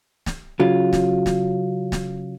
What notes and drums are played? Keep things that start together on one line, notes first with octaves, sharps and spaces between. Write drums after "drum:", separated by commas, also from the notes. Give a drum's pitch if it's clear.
drum: snare
C#3 F#3 F4
drum: snare
drum: snare
drum: snare